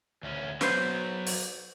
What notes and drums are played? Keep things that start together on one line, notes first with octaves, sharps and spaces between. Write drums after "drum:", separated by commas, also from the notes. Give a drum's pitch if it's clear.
D2 C#4
F#3 B3 B4 C5, drum: snare
drum: open hi-hat